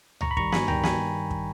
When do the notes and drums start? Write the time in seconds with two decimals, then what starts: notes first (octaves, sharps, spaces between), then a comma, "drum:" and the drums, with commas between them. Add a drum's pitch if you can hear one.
0.21 G2 A#5 C#6, drum: tom C#2
0.31 B5
0.37 D#3 G3 A#5 C#6, drum: kick
0.52 G2 G#5 B5, drum: snare
0.68 D#3 G3 G5 A#5, drum: tom C#2
0.83 G#5 B5, drum: snare
1.31 drum: kick